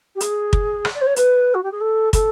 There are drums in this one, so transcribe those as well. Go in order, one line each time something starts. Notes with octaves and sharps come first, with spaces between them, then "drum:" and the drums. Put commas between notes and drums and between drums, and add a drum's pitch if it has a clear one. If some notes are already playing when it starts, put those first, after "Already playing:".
G4
G#4, drum: hi-hat
drum: kick
drum: rim click
D5
C5
C#5
B4, drum: hi-hat
F#4
G4
G#4
A4
A4, drum: kick, hi-hat